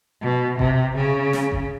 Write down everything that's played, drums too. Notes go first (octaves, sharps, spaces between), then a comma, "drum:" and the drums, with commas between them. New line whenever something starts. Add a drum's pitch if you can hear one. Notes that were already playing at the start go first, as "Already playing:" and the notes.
B2
C3, drum: kick G1
C#3
drum: snare
drum: kick G1